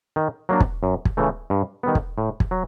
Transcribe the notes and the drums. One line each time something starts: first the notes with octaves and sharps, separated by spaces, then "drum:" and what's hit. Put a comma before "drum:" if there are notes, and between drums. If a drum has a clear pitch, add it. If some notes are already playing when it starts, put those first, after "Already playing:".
D#3
F#3 A#3 D4
drum: kick
F#2
drum: kick
C#3 E3 A3
G2
D#3 G3 B3
drum: kick
A2
drum: kick
F#3